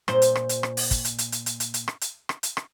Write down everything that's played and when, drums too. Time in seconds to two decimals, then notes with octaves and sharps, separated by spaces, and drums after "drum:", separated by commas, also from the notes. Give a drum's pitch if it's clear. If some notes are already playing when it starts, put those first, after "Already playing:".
0.08 A#2 C5, drum: rim click
0.22 drum: hi-hat
0.35 drum: rim click
0.49 drum: hi-hat
0.63 drum: rim click
0.77 drum: open hi-hat
0.91 drum: kick, hi-hat
1.05 drum: hi-hat
1.18 drum: hi-hat
1.32 drum: hi-hat
1.46 drum: hi-hat
1.60 drum: hi-hat
1.74 drum: hi-hat
1.88 drum: rim click
2.01 drum: hi-hat
2.29 drum: rim click
2.43 drum: hi-hat
2.57 drum: rim click